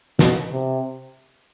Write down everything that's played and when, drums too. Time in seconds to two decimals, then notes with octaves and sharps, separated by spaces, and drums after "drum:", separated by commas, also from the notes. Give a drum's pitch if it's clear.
0.19 B2, drum: snare
0.51 C3